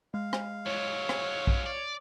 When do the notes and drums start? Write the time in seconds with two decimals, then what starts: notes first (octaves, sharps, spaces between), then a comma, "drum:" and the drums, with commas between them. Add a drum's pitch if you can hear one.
0.14 G#3 F5
0.33 drum: rim click
0.66 G#2 F#3 C#5
1.09 drum: rim click
1.47 drum: kick
1.66 D5